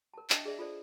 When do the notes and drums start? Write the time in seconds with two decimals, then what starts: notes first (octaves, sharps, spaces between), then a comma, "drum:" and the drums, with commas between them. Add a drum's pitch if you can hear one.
0.14 A#4 A5
0.30 D4 D#5 E5 A5, drum: clap
0.45 G#4 D5 E5
0.59 F4 A4 C5 D5